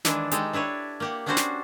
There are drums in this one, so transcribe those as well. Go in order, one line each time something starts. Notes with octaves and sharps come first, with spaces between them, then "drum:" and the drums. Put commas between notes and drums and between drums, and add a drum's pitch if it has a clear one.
D#3 E3 G#3 D4 E4, drum: snare
G#3 D#4 G4 A4, drum: hi-hat
D4 E4 B4 C#5
A#3 G4 F#5
B3 C#4 D4 F#4 G4 C5
drum: snare